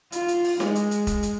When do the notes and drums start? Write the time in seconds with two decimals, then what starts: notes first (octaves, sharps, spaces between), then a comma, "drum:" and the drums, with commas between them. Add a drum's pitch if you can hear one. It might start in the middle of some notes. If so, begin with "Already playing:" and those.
0.12 F4, drum: hi-hat
0.28 drum: hi-hat
0.44 drum: open hi-hat
0.60 G#3, drum: snare D#4
0.75 drum: hi-hat
0.91 drum: hi-hat
1.07 drum: kick E1, hi-hat
1.23 drum: hi-hat